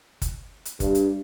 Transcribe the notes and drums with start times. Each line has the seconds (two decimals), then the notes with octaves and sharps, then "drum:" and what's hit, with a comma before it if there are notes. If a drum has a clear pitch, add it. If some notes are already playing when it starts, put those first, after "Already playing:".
0.22 drum: kick F#1, hi-hat
0.65 drum: hi-hat
0.80 G2, drum: kick F#1, hi-hat
0.95 drum: hi-hat